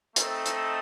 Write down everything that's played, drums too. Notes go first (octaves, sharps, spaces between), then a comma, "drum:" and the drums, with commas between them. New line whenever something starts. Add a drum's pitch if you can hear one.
A3 C4 D#4 A4 D#5, drum: hi-hat
drum: hi-hat